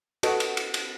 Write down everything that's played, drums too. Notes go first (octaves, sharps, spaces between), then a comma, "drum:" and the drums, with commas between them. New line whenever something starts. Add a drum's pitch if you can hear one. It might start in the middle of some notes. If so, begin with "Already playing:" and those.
F#4 A4 B4 D#5 F#5, drum: cymbal
drum: cymbal
drum: cymbal
drum: cymbal